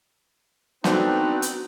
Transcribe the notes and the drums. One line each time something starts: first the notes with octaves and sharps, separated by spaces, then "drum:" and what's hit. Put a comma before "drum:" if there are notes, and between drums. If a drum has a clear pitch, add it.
B3 C4 D4 D#4 F#4 A4 B4 D5, drum: snare
drum: hi-hat